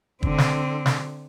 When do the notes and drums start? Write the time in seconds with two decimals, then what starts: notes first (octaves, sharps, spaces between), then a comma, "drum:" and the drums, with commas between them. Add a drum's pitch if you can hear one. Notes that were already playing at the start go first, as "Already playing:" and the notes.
0.23 D3 C4, drum: kick
0.38 drum: snare
0.86 drum: snare